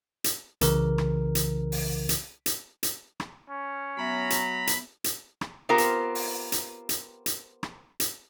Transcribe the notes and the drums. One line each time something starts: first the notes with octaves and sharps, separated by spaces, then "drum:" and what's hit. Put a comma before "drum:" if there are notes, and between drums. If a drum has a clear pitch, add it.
drum: hi-hat
C2 C#3 E3 A#4, drum: hi-hat
drum: rim click
drum: hi-hat
drum: open hi-hat
drum: hi-hat
drum: hi-hat
drum: hi-hat
drum: rim click
C#4
F#3 B3 E5 A#5 B5
drum: hi-hat
drum: hi-hat
drum: hi-hat
drum: rim click
B3 C4 F4 G4 A#4 C5
drum: hi-hat
drum: open hi-hat
drum: hi-hat
drum: hi-hat
drum: hi-hat
drum: rim click
drum: hi-hat